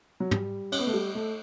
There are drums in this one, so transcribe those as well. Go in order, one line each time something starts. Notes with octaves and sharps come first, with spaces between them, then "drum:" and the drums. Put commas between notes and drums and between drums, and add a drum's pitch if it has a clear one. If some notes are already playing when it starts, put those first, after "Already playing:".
F#3
G3, drum: tom
C#4, drum: cymbal
B3
A3
G3
A3